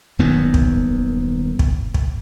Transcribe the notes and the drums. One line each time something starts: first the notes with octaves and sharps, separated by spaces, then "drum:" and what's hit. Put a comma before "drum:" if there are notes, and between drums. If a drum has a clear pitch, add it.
D#1 F#2 D#3 B3
drum: kick
drum: kick
drum: kick